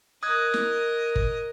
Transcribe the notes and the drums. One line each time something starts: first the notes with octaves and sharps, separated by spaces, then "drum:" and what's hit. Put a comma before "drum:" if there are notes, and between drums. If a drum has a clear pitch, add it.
A#4 D#5 D#6 F#6 G#6
drum: snare
drum: kick